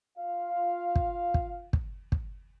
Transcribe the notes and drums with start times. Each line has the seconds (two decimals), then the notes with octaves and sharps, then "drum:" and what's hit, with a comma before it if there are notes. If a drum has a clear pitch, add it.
0.18 F4 F5
0.95 drum: kick
1.34 drum: kick
1.73 drum: kick
2.12 drum: kick